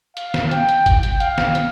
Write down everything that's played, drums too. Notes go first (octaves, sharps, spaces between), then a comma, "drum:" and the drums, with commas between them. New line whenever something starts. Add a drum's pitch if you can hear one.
F5, drum: hi-hat
drum: snare
G5, drum: hi-hat
drum: hi-hat
G5, drum: kick, hi-hat
drum: hi-hat
F5, drum: hi-hat
drum: snare
drum: hi-hat